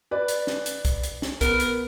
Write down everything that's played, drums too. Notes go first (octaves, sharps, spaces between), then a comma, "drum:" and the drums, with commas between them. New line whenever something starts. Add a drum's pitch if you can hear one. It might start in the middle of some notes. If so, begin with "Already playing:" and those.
B4 D5
drum: hi-hat
drum: snare
drum: hi-hat
drum: kick C2, hi-hat
drum: hi-hat
drum: snare
B3 A#4, drum: kick C2, hi-hat
drum: hi-hat